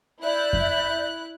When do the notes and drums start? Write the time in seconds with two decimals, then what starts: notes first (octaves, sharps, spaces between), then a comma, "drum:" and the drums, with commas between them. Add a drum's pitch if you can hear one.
0.23 E4 D5 E5 F#6 G6
0.53 drum: kick F2